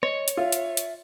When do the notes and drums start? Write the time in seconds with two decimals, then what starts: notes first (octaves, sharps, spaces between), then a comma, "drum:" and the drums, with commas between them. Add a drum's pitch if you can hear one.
0.03 C#5 D#5, drum: rim click
0.28 drum: hi-hat
0.37 F4 E5
0.52 drum: hi-hat
0.77 drum: hi-hat